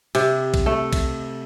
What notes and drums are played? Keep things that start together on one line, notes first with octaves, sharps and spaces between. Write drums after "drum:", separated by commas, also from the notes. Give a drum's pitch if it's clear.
C3, drum: cymbal
drum: kick, cymbal
A3
drum: kick, cymbal